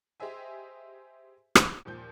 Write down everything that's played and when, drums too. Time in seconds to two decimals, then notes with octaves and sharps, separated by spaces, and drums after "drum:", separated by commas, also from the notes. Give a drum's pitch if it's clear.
0.20 G4 G#4 C5 D#5 E5 G#5
1.55 drum: rim click
1.85 D#2 A#2 F3 G6